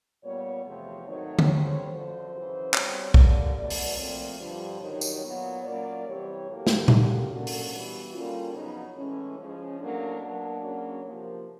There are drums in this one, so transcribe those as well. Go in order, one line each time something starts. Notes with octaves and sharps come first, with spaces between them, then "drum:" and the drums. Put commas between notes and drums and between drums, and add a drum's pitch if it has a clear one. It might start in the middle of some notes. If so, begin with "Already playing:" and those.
A#2 G3 B3 C#5
E2 C3 F3 A3 C#5
G#2 D#3 F#3 A3 C4 C#5
drum: tom D3
D3 G3 C4 C#5
F#2 D3 F3 C5
F#2 C#3 E3
B2 G3 C4 C#5, drum: clap
G2 D3 G3 A#3 D5, drum: kick B1
E2 B2 F#3 A3 D5
drum: open hi-hat
A#2 F3 A3 C4
G2 D3 F3
G2 D#3 F#3 C#5
drum: tambourine
A#2 F#3 B3
A#2 F#3 A#3 C#4 D5
C3 E3 G3 C4 C#5
A2 F#3 A#3 G4
drum: snare
D3 F#3 A#3 C#4, drum: tom A#2
D3 F#3 A#3 C#4 F#4
drum: open hi-hat
G2 E3 G3 B3
D3 G3 A#3 C#4 F4
F2 C#3 F#3 B3 D#4
A2 E3 G#3 C#4
C#3 F3 G#3 C#4
A2 F#3 A#3 C#4 D4
B2 F#3 A#3
C#3 F#3 A#3 C#4
C3 F3 A#3